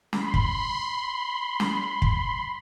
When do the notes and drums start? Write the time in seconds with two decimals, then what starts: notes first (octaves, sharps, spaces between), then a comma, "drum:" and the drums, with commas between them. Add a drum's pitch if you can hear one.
0.13 B5 C6, drum: snare
0.34 drum: kick
1.60 drum: snare
2.02 drum: kick